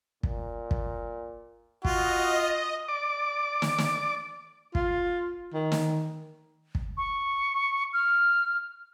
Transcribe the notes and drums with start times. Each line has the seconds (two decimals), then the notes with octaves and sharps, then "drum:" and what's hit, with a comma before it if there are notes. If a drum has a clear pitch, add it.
0.23 A#2, drum: kick
0.71 drum: kick
1.85 F4 F#4 D#5, drum: kick
2.88 D5 D6
3.62 drum: snare
3.78 drum: snare
4.75 F4, drum: kick
5.53 D#3
5.72 drum: snare
6.75 drum: kick
6.97 C#6
7.93 F6